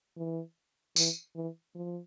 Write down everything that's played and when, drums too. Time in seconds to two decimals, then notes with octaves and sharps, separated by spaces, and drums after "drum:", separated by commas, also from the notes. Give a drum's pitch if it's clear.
0.17 E3
0.96 E3, drum: tambourine
1.36 E3
1.75 F3